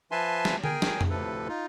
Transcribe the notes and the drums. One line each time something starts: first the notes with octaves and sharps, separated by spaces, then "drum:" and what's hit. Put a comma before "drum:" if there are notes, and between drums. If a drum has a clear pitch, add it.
F3 B4 E5 G#5 A5 C6
drum: snare
G#4 A#4 G5 G#5, drum: tom
drum: snare
drum: tom F2
D2 A2 C3 F3 A4 B4
D#4 F4